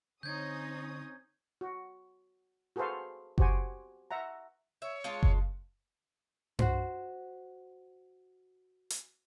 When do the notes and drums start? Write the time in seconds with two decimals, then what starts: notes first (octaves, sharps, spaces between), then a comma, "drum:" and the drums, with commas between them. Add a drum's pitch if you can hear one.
0.23 D3 C4 C#4 D#4 C#5 D#6 G6 G#6
1.61 F#4
2.76 F#4 G#4 A4 B4 C5 F5
3.38 F#4 G4 C5 F#5 G#5, drum: kick F#1
4.11 E5 F#5 A#5
4.82 C#5 E5
5.04 G#3 F4 A5
5.23 drum: kick F#1
6.59 F#4 C5, drum: tom G2
8.90 drum: hi-hat